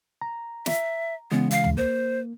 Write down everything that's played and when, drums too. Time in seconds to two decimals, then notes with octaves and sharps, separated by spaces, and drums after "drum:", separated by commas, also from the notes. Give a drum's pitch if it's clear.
0.21 A#5
0.66 E5, drum: snare
1.32 C#3 E3 G#3 B3
1.51 F5, drum: hi-hat
1.64 drum: tom
1.77 A#3 C5